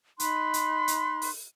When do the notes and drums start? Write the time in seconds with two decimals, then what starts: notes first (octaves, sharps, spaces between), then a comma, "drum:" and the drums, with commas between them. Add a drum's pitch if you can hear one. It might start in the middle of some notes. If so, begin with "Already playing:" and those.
0.20 D#4 B5 C6 F#6, drum: hi-hat
0.54 drum: hi-hat
0.88 drum: hi-hat
1.22 drum: open hi-hat